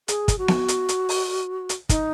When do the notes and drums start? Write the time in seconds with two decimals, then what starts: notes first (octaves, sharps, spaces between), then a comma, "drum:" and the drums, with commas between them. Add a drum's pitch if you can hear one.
0.08 G#4, drum: hi-hat
0.28 drum: kick, hi-hat
0.38 F#4
0.48 drum: snare B3
0.68 drum: hi-hat
0.89 drum: hi-hat
1.09 drum: open hi-hat
1.69 drum: hi-hat
1.89 D#4, drum: kick, hi-hat